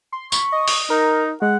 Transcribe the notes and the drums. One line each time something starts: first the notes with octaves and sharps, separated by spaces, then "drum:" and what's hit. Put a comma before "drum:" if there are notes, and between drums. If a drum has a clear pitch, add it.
C6
B5 C#6, drum: tambourine
D#5
drum: open hi-hat
D#4 A#4
G#3 F#5